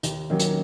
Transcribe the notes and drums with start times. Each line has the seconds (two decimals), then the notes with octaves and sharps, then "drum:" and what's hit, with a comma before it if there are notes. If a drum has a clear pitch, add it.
0.03 D#2, drum: hi-hat
0.30 D#3 F#3 A#3 C#4
0.39 drum: hi-hat